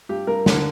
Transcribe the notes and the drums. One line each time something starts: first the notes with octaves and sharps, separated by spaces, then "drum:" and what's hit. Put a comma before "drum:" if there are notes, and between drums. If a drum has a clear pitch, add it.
G2 G4
G2 A#4
D3, drum: snare